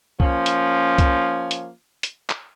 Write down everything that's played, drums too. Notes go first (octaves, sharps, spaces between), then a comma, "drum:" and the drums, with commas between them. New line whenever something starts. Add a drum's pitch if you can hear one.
F3 A#3 C#4, drum: kick C2
drum: hi-hat
drum: kick C2, hi-hat
drum: hi-hat
drum: hi-hat
drum: clap